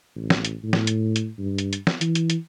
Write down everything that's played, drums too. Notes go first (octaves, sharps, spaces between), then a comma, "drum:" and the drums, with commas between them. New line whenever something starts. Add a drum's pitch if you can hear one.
A1
drum: snare
drum: hi-hat
A2
drum: snare
drum: hi-hat
drum: hi-hat
G2
drum: hi-hat
drum: hi-hat
drum: snare
E3, drum: hi-hat
drum: hi-hat
drum: hi-hat